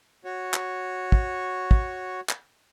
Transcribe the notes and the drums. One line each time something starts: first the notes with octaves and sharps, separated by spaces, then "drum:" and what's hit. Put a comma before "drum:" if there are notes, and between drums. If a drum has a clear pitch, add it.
F#4 C#5
drum: clap
drum: kick
drum: kick
drum: clap